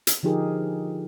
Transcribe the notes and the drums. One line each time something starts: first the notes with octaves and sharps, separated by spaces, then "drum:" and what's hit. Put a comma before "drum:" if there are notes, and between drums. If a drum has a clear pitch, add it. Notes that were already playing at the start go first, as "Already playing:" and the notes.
drum: hi-hat
D3 F3 D#4 G4 G#4 A#4